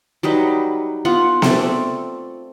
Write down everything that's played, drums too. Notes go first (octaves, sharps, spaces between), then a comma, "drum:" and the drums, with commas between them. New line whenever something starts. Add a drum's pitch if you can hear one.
F#3 G3 D#4 B4
B3 F4 F#5
A3 C4 D5, drum: snare B3